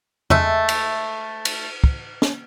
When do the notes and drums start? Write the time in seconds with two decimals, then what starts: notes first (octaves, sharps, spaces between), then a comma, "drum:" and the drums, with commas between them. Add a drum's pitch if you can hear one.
0.30 G#3 A3 E5, drum: tom E2
0.69 drum: cymbal
1.45 drum: cymbal
1.84 drum: kick
2.22 drum: snare